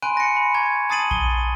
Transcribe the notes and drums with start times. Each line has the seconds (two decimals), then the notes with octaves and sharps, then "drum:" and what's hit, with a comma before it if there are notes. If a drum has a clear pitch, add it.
0.02 G#5 B5 C6 F#6 D7 D#7
0.17 A#6 C#7
0.36 B5
0.54 A#5 C#6 G#6
0.90 A5 D#6 A6 C7 D#7 F#7
1.11 G7, drum: kick A#1